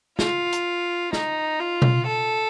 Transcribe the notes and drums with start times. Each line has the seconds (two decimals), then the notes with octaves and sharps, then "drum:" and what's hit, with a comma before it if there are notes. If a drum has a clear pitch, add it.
0.19 F4, drum: snare
0.53 drum: hi-hat
1.13 D#4, drum: snare
1.60 F4
1.82 drum: tom B2
2.06 A4